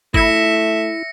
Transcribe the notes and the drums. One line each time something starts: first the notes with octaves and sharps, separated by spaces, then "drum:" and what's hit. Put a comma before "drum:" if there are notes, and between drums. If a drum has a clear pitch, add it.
A3 E4 E5 A#6 C#7, drum: kick